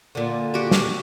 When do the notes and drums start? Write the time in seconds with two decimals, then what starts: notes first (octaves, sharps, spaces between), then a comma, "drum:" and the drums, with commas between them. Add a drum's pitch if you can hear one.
0.15 A#2 D3
0.54 F#4 G4
0.71 drum: snare